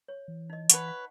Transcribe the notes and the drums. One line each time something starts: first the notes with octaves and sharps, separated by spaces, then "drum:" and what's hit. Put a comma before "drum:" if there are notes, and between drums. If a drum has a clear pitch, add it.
C#5
E3
D#4 D#5
B4 C#5 F#5 A5, drum: hi-hat
F5